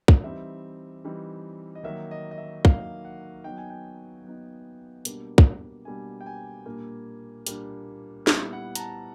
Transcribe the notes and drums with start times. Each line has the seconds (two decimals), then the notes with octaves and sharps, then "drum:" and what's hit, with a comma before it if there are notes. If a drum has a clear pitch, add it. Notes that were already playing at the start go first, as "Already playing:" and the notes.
0.08 drum: kick
0.23 E3 G3 C4 D#4 E5
1.04 E3 G3 C4 D#4
1.75 D#5
1.84 D#3 F#3 A#3 D#4 E5
2.11 D#5
2.31 D#5
2.38 E5
2.65 D#3 F#3 A#3 D#4 F5, drum: kick
3.05 F#5
3.44 F#3 B3 D#4 G5
3.58 G#5
3.70 G5
4.24 F#3 B3 D#4
5.05 B2 G3 A#3 D4, drum: hi-hat
5.38 drum: kick
5.85 B2 G3 A#3 D4 G#5
6.21 G5
6.26 G#5
6.65 A#2 G3 A#3 D4
7.47 A#2 G3 A#3 D4, drum: hi-hat
8.27 A#2 G3 B3 E4, drum: snare
8.53 F#5
8.75 A#5, drum: hi-hat
8.79 A5